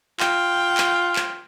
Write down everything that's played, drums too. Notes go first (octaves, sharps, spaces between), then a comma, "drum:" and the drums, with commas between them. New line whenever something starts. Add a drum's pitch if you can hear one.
F4 G5, drum: clap
drum: clap
drum: clap